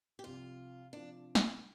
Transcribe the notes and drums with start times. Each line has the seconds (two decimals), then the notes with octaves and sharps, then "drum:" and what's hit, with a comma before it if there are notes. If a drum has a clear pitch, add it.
0.19 G4
0.23 C2 C3 F3 F4
0.93 C3 F3 D4
1.35 drum: snare